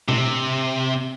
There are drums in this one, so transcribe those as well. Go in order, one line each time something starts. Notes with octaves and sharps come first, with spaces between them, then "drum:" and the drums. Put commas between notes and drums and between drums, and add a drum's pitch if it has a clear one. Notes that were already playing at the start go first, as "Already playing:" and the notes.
C3, drum: tom B2